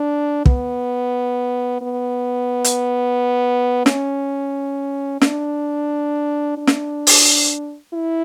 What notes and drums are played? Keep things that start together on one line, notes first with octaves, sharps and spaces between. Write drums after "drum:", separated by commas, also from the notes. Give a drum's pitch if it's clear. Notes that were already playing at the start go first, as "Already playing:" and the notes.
Already playing: D4
B3, drum: kick
B3
drum: hi-hat
C#4, drum: snare
D4, drum: snare
D4
drum: snare
drum: open hi-hat
E4